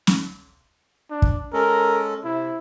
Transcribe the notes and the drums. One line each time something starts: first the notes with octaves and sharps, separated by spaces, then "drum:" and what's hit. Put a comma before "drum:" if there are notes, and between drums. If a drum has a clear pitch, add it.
drum: snare
D4
drum: kick
G#3 C#4 A4 A#4
C3 E4